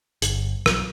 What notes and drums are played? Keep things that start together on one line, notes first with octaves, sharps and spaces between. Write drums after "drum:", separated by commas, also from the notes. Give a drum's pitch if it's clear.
G1, drum: hi-hat
B1, drum: rim click